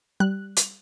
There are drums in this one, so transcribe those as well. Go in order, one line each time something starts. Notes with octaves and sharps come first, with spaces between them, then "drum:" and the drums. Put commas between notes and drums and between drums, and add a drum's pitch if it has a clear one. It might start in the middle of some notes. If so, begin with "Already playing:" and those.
G3 F#6
drum: hi-hat